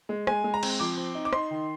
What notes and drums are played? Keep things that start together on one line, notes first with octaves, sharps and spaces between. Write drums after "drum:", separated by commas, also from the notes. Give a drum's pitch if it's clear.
G#3
G#3 G#5, drum: rim click
G#3
A#5
C4, drum: cymbal
F3 D6
C4
D#4
D6
D#4 C6, drum: rim click
D#3